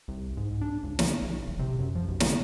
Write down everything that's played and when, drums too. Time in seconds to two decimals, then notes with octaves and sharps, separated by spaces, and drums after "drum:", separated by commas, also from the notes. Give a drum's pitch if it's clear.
0.08 C2
0.37 G#2
0.61 D4
0.83 C#2
0.99 F3, drum: snare
1.22 B1
1.47 D#1
1.59 C3
1.79 F#2
1.95 F3
2.08 B1
2.20 drum: snare